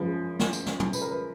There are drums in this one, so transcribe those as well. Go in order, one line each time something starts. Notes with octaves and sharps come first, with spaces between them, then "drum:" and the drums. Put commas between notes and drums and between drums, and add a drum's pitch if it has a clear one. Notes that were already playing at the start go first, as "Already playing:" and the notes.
Already playing: F#2 F3 G#3 B4
drum: snare
drum: tambourine
drum: snare
drum: tom
B4, drum: tambourine
A#4
B4